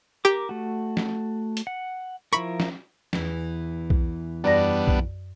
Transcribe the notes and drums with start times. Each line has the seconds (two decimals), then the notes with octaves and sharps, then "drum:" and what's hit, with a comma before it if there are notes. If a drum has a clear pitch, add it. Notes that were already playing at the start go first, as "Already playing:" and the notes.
0.25 G4 A#4 D6
0.49 A3 F#4
0.97 drum: snare
1.57 drum: hi-hat
1.67 F#5
2.33 F3 E4 A#4 B5 C#6
2.60 drum: snare
3.13 E2 E3, drum: snare
3.90 drum: kick B1
4.44 F#2 G3 B3 D4 D5 A#6
4.88 drum: kick B1